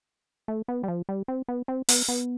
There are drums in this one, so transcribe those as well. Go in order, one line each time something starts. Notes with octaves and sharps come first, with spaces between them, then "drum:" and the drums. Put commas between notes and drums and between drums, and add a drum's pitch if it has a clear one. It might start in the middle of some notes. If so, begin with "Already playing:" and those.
A3
B3
G3
F3
G3
C4
B3
C4
B3, drum: open hi-hat
B3